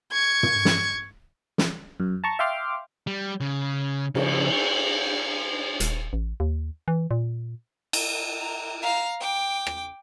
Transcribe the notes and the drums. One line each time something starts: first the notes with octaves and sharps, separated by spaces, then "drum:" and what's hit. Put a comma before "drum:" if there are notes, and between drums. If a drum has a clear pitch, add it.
C#6 G#6
drum: tom
drum: snare
drum: snare
F#2
A5 A#5 C#6
E5 F5 G5 C6 D6 F6
G3
C#3
C#3 F3, drum: cymbal
D#1, drum: hi-hat
A1
D#2
E3
A#2
drum: cymbal
A#5
F5 A#5
G5 D6
drum: rim click